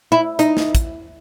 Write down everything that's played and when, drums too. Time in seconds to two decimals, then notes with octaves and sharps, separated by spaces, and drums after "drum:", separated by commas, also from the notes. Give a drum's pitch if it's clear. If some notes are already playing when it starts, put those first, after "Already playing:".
0.12 E4
0.39 D#4, drum: hi-hat
0.57 drum: snare
0.75 drum: kick, hi-hat